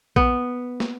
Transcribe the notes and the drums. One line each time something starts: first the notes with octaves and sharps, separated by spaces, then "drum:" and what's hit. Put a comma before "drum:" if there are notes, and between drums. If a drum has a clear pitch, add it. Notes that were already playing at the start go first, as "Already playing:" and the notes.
B3, drum: kick A#1
drum: snare